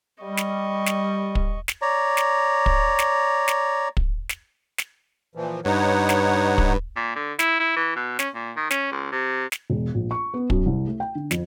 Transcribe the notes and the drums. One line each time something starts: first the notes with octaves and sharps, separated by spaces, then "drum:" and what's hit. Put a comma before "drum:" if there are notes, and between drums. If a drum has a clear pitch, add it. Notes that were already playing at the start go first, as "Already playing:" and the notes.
G3 D#5 C#6
drum: snare
drum: snare
drum: kick
drum: snare
C#5 D5 A#5
drum: snare
drum: kick
drum: snare
drum: snare
drum: kick
drum: snare
drum: snare
A#2 E3 F3
G2 D#4 B4 C#5 F#5
drum: snare
drum: kick
A#2
D3
E4, drum: snare
E4
E3
B2
C#4, drum: snare
A#2
D#3
C#4, drum: snare
C#2
C3
drum: snare
E1
A#1
C#6
B3
F#2, drum: kick
C2
A3
G5
D3
F2, drum: snare